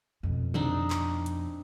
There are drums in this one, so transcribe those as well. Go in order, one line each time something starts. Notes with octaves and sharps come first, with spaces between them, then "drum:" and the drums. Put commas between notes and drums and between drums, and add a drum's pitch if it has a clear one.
F2 B2
C4 D4 D#4, drum: tom C3
drum: clap
drum: hi-hat